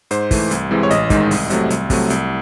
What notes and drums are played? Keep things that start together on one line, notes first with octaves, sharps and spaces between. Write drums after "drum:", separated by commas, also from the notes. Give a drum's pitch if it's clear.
G#2 C5, drum: hi-hat
E3 A3, drum: kick, open hi-hat
C2, drum: hi-hat
C3 E3 G#3
C#5
A1 D#5, drum: hi-hat
G#2 D#3 G#3, drum: kick, hi-hat
C2, drum: open hi-hat
C3 F#3 A3, drum: hi-hat
C2, drum: hi-hat
C3 F#3 A3, drum: kick, open hi-hat
C2, drum: hi-hat